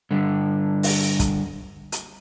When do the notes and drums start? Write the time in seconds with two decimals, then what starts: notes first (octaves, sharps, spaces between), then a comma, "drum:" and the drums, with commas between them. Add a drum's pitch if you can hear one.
0.11 G2 D3
0.83 drum: open hi-hat
1.20 drum: kick, hi-hat
1.92 drum: hi-hat